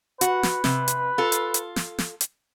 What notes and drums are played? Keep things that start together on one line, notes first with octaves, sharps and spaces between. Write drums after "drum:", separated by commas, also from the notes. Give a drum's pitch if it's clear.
F#4 B4, drum: hi-hat
drum: snare
C3, drum: snare
drum: hi-hat
F4 A4
drum: hi-hat
drum: hi-hat
drum: snare
drum: snare
drum: hi-hat